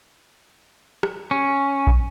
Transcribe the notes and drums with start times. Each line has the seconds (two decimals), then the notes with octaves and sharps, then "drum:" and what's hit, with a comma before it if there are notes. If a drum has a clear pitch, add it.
1.03 drum: rim click
1.31 C#4
1.87 drum: kick A#1